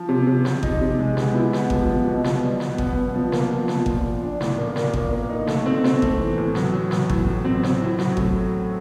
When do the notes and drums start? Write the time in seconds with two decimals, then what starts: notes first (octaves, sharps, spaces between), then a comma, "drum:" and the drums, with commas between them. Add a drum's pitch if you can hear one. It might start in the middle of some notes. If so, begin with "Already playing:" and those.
Already playing: F3
0.09 C3
0.27 C3
0.45 C3, drum: snare
0.63 D#4, drum: kick G#1
0.81 C3
0.99 G#3
1.17 B3, drum: snare
1.35 E4
1.53 B3, drum: snare
1.70 F3, drum: kick G#1
1.89 F3
2.07 B2
2.24 B2, drum: snare
2.43 G3
2.60 B3, drum: snare
2.78 B3, drum: kick G#1
2.96 B3
3.14 F3
3.32 A#3, drum: snare
3.51 F3
3.68 F3, drum: snare
3.86 A#2, drum: kick G#1
4.04 A#2
4.23 D4
4.41 A2, drum: snare
4.58 A#3
4.76 A#3, drum: snare
4.94 A#3, drum: kick G#1
5.12 A#3
5.29 D#4
5.47 A3, drum: snare
5.66 C4
5.84 C4, drum: snare
6.02 A3, drum: kick G#1
6.20 E3
6.38 A2
6.55 F#3, drum: snare
6.73 F#3
6.91 F#3, drum: snare
7.09 A2, drum: kick G#1
7.27 F#3
7.45 C4
7.63 C4, drum: snare
7.82 E4
7.98 F#3, drum: snare
8.17 A3, drum: kick G#1